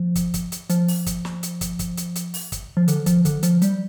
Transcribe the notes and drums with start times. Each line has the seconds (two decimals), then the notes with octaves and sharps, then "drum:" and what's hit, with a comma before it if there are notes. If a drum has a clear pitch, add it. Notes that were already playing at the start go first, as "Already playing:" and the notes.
Already playing: F3
0.16 drum: kick, hi-hat
0.34 drum: kick, hi-hat
0.52 drum: hi-hat
0.70 F3, drum: hi-hat
0.88 drum: open hi-hat
1.07 drum: kick, hi-hat
1.25 drum: snare
1.43 drum: hi-hat
1.61 drum: kick, hi-hat
1.79 drum: kick, hi-hat
1.97 drum: hi-hat
2.16 drum: hi-hat
2.34 drum: open hi-hat
2.52 drum: kick, hi-hat
2.77 F3
2.88 D3, drum: hi-hat
3.06 F3, drum: kick, hi-hat
3.25 D3, drum: kick, hi-hat
3.43 F3, drum: hi-hat
3.62 G3, drum: hi-hat